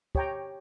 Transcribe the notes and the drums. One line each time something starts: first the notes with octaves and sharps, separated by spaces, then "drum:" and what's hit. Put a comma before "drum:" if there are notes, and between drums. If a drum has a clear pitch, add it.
G4 C#5 G5 A#5, drum: kick